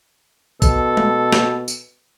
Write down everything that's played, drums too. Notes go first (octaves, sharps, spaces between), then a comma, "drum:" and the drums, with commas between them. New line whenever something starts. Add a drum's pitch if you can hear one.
B2 A4, drum: kick A#1, tambourine
drum: tom G#3
drum: snare
drum: tambourine